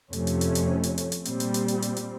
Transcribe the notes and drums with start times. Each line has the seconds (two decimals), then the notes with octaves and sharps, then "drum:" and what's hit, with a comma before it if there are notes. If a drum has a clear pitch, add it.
0.13 F2 C3 F3 A3 C#4, drum: hi-hat
0.27 drum: hi-hat
0.41 drum: hi-hat
0.55 drum: hi-hat
0.83 drum: hi-hat
0.98 drum: hi-hat
1.12 drum: hi-hat
1.25 A#2 G3 C4, drum: hi-hat
1.40 drum: hi-hat
1.54 drum: hi-hat
1.68 drum: hi-hat
1.82 drum: hi-hat
1.96 drum: hi-hat